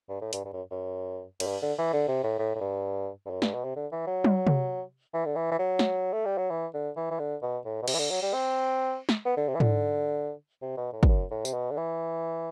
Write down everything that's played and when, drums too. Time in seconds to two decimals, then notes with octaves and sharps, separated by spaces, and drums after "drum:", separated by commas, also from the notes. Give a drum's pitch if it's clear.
0.09 G2
0.21 A2
0.33 G2, drum: hi-hat
0.45 G2
0.53 F#2
0.71 F#2
1.40 F#2, drum: cymbal
1.47 G2
1.62 D3
1.78 E3
1.93 D3
2.08 C3
2.23 A2
2.39 A2
2.55 A2
2.61 G2
3.26 G2
3.30 F#2
3.42 G2, drum: snare
3.53 B2
3.64 C3
3.76 D3
3.92 E3
4.07 F#3
4.24 drum: tom
4.47 drum: tom C3
5.14 E3
5.25 D3
5.36 E3
5.51 E3
5.59 F#3
5.79 drum: snare
6.13 A3
6.25 G3
6.38 F#3
6.50 E3
6.74 D3
6.97 E3
7.11 E3
7.19 D3
7.42 B2
7.65 A2
7.83 B2
7.88 C3, drum: cymbal
7.94 E3
7.99 D3
8.10 F#3
8.22 G3
8.34 C4
9.09 drum: snare
9.25 B3
9.37 D3
9.48 C3
9.55 E3
9.60 D3, drum: tom G#2
10.62 C3
10.77 B2
10.93 A2
11.03 G2, drum: kick
11.08 F#2
11.31 A2
11.45 C3, drum: tambourine
11.54 B2
11.71 D3
11.77 E3